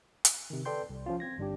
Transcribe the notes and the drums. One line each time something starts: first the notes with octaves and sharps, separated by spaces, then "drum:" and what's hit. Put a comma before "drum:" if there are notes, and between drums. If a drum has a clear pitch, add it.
drum: hi-hat
C3 D#3
A4 B4 D5 G5 C6 G6
C2
F3 C#4 F4
C4 G#6 A#6
G1 G3 D4 G4